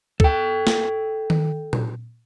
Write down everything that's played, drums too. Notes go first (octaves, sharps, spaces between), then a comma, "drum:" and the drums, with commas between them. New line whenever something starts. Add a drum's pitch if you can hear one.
A4 G5, drum: kick
drum: snare
drum: tom D#3
drum: tom A#2